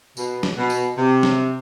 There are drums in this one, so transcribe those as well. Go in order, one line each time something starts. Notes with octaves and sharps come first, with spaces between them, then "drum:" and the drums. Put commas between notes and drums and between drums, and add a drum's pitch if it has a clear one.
B2, drum: tambourine
drum: snare
B2
drum: tambourine
C3
drum: snare